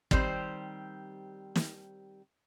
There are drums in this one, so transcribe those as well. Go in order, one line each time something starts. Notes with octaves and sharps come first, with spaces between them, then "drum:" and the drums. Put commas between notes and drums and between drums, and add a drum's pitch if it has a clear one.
D#3 G3 C4 G4 C5, drum: kick
drum: snare